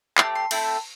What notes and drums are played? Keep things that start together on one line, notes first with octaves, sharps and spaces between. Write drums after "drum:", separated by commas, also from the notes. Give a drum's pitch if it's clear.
A3 C4 G4 C6, drum: clap
C6
A3 C4 E4 A4, drum: cymbal